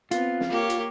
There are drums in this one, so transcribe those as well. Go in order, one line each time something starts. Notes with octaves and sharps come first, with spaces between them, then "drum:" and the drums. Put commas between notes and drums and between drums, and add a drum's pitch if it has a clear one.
B3 C4 F4, drum: hi-hat
drum: snare
A#3 G4 C#5
drum: hi-hat